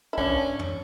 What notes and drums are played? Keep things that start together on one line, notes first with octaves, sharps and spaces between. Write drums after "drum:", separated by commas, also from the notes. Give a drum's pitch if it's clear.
E4
C#4 D4, drum: kick
drum: tom